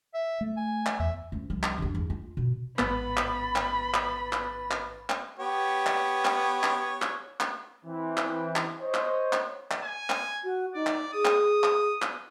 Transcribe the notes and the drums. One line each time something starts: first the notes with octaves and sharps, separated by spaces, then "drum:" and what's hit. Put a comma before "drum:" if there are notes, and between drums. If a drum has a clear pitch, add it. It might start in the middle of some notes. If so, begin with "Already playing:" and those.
E5
A3
G#5
drum: clap
E2 E5
D2 C#4
C2 F3
drum: clap
G1 D#2
E2
F4
B2
A1 G#2 B3 B4 B5 A6, drum: clap
drum: clap
drum: clap
drum: clap
drum: clap
drum: clap
drum: clap
B3 G4 C#5
drum: clap
drum: clap
drum: clap
drum: clap
drum: clap
E3 C4
drum: clap
drum: clap
C5 C#5 D#5
drum: clap
drum: clap
drum: clap
G#5
drum: clap
F#4
D#4 D5
drum: clap
G#4 D#6
drum: clap
drum: clap
drum: clap